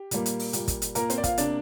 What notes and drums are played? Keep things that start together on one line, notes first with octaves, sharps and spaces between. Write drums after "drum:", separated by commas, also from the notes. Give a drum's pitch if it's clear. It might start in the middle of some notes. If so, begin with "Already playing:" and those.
Already playing: G4
A#2 G3 A#3, drum: hi-hat
drum: hi-hat
drum: open hi-hat
A#2 G3 A#3, drum: hi-hat
drum: kick, hi-hat
drum: hi-hat
A#2 A#3 A#4, drum: hi-hat
C4 C5, drum: hi-hat
D5
F4 F5, drum: kick, hi-hat
C3 A#3 D4 D5, drum: hi-hat